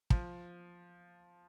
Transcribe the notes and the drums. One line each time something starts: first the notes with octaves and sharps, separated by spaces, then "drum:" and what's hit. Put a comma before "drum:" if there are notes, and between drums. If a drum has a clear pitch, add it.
F3, drum: kick